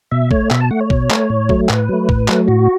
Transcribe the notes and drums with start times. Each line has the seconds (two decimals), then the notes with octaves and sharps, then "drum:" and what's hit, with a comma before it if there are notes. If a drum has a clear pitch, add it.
0.11 B2 E5
0.31 A3 C#5, drum: kick
0.51 B2 E5, drum: clap
0.61 A5
0.71 A3 F#5
0.81 C#5
0.90 B2, drum: kick
1.11 A3, drum: clap
1.30 A2
1.49 F#3 A3, drum: kick
1.69 A2 B4, drum: clap
1.89 F#3 A3
2.09 A2, drum: kick
2.28 F#3 A3, drum: clap
2.48 A2 F#4